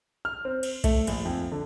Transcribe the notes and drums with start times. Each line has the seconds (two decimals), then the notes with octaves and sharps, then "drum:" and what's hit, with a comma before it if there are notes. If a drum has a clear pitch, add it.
0.25 F6
0.45 C4
0.63 drum: cymbal
0.84 A3, drum: kick B1, cymbal
1.07 A#1, drum: cymbal
1.25 F2
1.52 D3